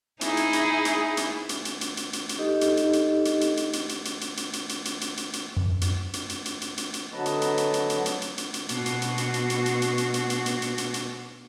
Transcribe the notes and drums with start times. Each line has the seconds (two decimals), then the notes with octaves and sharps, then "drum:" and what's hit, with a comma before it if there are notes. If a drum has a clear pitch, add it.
0.21 D#4 E4 G#4, drum: hi-hat
0.37 drum: hi-hat
0.53 drum: hi-hat
0.85 drum: hi-hat
1.17 drum: hi-hat
1.49 drum: hi-hat
1.65 drum: hi-hat
1.81 drum: hi-hat
1.97 drum: hi-hat
2.13 drum: hi-hat
2.29 drum: hi-hat
2.38 D#4 G4 A4 D#5
2.61 drum: hi-hat
2.77 drum: hi-hat
2.93 drum: hi-hat
3.25 drum: hi-hat
3.41 drum: hi-hat
3.57 drum: hi-hat
3.73 drum: hi-hat
3.89 drum: hi-hat
4.05 drum: hi-hat
4.21 drum: hi-hat
4.37 drum: hi-hat
4.53 drum: hi-hat
4.69 drum: hi-hat
4.85 drum: hi-hat
5.01 drum: hi-hat
5.17 drum: hi-hat
5.33 drum: hi-hat
5.57 F#2
5.81 drum: hi-hat
6.13 drum: hi-hat
6.29 drum: hi-hat
6.45 drum: hi-hat
6.62 drum: hi-hat
6.78 drum: hi-hat
6.94 drum: hi-hat
7.13 D3 F#3 B4 D#5 A5
7.26 drum: hi-hat
7.42 drum: hi-hat
7.58 drum: hi-hat
7.74 drum: hi-hat
7.90 drum: hi-hat
8.06 drum: hi-hat
8.22 drum: hi-hat
8.38 drum: hi-hat
8.54 drum: hi-hat
8.69 B2 F#4, drum: hi-hat
8.86 drum: hi-hat
9.02 drum: hi-hat
9.18 drum: hi-hat
9.34 drum: hi-hat
9.50 drum: hi-hat
9.66 drum: hi-hat
9.82 drum: hi-hat
9.98 drum: hi-hat
10.14 drum: hi-hat
10.30 drum: hi-hat
10.46 drum: hi-hat
10.62 drum: hi-hat
10.78 drum: hi-hat
10.94 drum: hi-hat